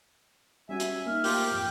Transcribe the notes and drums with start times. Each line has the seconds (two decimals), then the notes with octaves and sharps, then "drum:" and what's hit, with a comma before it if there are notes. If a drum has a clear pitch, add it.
0.69 G3 C#4 F#4 E5 G#5
0.80 drum: hi-hat
1.06 A#3 D#4 F6
1.24 A3 A#3 F4 G4 A#4, drum: open hi-hat
1.51 F2 G#2 G5